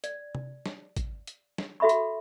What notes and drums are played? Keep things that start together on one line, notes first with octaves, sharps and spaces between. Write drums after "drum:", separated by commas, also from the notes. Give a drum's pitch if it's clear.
D5, drum: hi-hat
drum: tom C3
drum: snare
drum: kick, hi-hat
drum: hi-hat
drum: snare
F#4 A4 E5 B5 C#6
drum: hi-hat